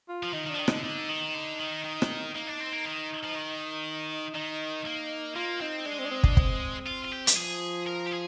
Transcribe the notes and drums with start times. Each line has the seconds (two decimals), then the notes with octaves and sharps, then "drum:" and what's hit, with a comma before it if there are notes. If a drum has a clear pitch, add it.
0.09 F4
0.23 F3
0.33 D#3 D#4
0.46 D#3
0.50 F3 D4
0.59 D#3
0.68 D3 D#4, drum: rim click
0.84 D3 D#4
1.09 D#3
1.34 D3
1.59 D#3
1.84 D#3
2.02 drum: rim click
2.34 A#3 D#4
2.47 D4
2.60 C4
2.72 A#3
2.85 D#3
3.23 F3
3.35 D#3
4.35 D#3 D#4
4.86 A#3
5.35 A#3 F4
5.61 C4 D#4
5.86 G#3 D4
5.99 C4
6.05 D4
6.11 C4
6.23 D4, drum: kick
6.37 C4, drum: kick
6.86 F4
7.04 F4
7.12 G4
7.27 G3 G4, drum: hi-hat
7.36 F3 G#4
7.87 A#4
8.07 G4
8.12 G#4